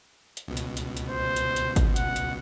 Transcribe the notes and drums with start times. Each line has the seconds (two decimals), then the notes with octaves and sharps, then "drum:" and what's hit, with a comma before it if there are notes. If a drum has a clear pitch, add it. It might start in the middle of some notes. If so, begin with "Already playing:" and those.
0.37 drum: hi-hat
0.48 C#2 B2
0.57 drum: hi-hat
0.77 drum: hi-hat
0.97 drum: hi-hat
1.09 C5
1.36 drum: hi-hat
1.56 drum: hi-hat
1.76 drum: kick G#1, hi-hat
1.96 F#5, drum: hi-hat
2.16 drum: hi-hat